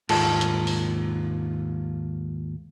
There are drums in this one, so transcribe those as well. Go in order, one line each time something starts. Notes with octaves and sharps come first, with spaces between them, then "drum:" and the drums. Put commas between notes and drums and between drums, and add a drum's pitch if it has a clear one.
D#2 G#2 F4 A5, drum: cymbal
drum: hi-hat
drum: open hi-hat